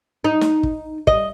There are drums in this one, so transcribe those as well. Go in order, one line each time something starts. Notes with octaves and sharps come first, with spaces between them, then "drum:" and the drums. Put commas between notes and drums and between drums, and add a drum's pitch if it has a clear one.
D#4
drum: snare
drum: kick
D#5, drum: kick